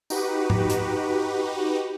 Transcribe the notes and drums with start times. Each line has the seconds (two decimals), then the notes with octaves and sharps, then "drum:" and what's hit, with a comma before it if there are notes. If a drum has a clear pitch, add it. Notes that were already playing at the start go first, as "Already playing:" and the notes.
0.10 D#4 F#4 G4 B4, drum: tambourine
0.50 drum: tom
0.70 drum: hi-hat